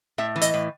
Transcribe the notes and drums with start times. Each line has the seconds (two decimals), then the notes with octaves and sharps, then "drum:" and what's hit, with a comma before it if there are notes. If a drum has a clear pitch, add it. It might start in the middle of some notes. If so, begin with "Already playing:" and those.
0.18 A2 E5
0.36 E3
0.42 D#5, drum: hi-hat
0.54 A2